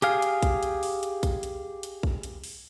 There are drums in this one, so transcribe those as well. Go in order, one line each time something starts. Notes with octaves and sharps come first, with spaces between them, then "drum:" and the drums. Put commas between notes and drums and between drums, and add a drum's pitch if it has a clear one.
G4 G#4 F5, drum: hi-hat
drum: hi-hat
drum: kick A#1, hi-hat
drum: hi-hat
drum: open hi-hat
drum: hi-hat
drum: kick A#1, hi-hat
drum: hi-hat
drum: hi-hat
drum: kick A#1
drum: hi-hat
drum: open hi-hat